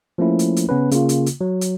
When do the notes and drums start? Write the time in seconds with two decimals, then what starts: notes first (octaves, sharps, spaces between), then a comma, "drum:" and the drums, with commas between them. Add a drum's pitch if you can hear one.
0.18 F3 A3 A#3 C#4 E4
0.39 drum: hi-hat
0.56 drum: hi-hat
0.69 C#3 B3 C#4 B4
0.91 C#3 A#3 F4, drum: hi-hat
1.09 drum: hi-hat
1.26 drum: hi-hat
1.41 F#3
1.61 drum: hi-hat